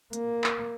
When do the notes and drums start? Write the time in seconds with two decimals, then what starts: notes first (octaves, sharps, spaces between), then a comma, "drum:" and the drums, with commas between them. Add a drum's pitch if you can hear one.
0.13 A#3, drum: hi-hat
0.44 drum: clap